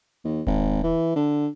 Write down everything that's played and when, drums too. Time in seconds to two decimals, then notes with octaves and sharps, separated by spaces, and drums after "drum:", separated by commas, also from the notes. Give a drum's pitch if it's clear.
0.24 D#2
0.47 G#1, drum: kick D#1
0.84 E3
1.16 D3